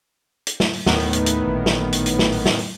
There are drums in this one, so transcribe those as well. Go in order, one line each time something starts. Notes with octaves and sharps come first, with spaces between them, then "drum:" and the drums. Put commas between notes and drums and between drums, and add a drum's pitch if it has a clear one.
drum: hi-hat
drum: snare
drum: open hi-hat
D#2 A2 D#3 B3, drum: snare
drum: open hi-hat
drum: hi-hat
drum: hi-hat
A1 A#2
drum: snare
drum: hi-hat
drum: hi-hat
drum: snare
drum: open hi-hat
drum: snare
drum: open hi-hat